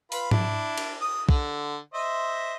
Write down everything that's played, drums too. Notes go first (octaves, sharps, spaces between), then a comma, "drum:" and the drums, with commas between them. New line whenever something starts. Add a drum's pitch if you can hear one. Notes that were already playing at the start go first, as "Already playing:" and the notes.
F4 B4 B5, drum: open hi-hat
D4 E4, drum: tom G#2
drum: cymbal
D#6
D3, drum: kick
C5 D#5 E5